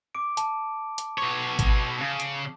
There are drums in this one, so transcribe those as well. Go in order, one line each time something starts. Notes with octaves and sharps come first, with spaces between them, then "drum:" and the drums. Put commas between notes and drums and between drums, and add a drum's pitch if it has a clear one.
D6 D7
A5, drum: hi-hat
drum: hi-hat
B2 C#5
drum: kick G#1, hi-hat
C#3
drum: hi-hat